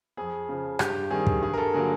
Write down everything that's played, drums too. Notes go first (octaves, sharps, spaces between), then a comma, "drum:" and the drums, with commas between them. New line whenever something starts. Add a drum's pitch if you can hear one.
F2 G#4
C#3 F3
G2 G4, drum: rim click
D#3 G3 C4 G#4
drum: kick
G2 G#4
A#4
A4
D3 F#3 A#3 G#4